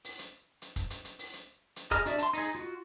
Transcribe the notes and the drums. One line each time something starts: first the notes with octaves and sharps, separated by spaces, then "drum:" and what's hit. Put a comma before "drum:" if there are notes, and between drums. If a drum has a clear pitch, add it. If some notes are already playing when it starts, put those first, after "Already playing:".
drum: open hi-hat
drum: hi-hat
drum: hi-hat
drum: kick, hi-hat
drum: hi-hat
drum: hi-hat
drum: open hi-hat
drum: hi-hat
drum: hi-hat
G#4 D#5 A#5 D#6 F6, drum: kick, hi-hat
D4 F#4 D5 E5, drum: hi-hat
A5 C6, drum: hi-hat
D#4 G#4, drum: open hi-hat
F4 F#4